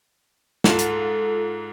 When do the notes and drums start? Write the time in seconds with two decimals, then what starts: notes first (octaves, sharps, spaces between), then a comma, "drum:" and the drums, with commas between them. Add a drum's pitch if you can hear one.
0.64 G#2 F4 A4, drum: snare
0.79 drum: hi-hat